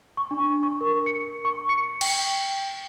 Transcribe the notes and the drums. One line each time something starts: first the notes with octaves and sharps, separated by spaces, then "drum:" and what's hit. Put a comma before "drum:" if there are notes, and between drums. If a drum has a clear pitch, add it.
C#6
D4
C#6
A#4
C#7
C#6
C#7
G5, drum: cymbal